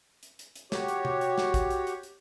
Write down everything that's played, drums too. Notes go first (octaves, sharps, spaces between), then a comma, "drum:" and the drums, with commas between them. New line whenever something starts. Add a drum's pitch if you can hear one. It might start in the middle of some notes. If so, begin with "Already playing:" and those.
drum: hi-hat
drum: hi-hat
drum: hi-hat
F#4 G4 C#5, drum: snare
drum: hi-hat
drum: tom C3
drum: hi-hat
drum: snare
drum: kick, hi-hat
drum: hi-hat
drum: hi-hat
drum: hi-hat